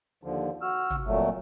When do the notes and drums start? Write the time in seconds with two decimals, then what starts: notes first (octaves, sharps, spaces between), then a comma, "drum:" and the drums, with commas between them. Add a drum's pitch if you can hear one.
0.23 D#2 D3 F3
0.62 F#4 E6 F6
0.90 drum: tom
1.07 F2 A#2 F#3 A3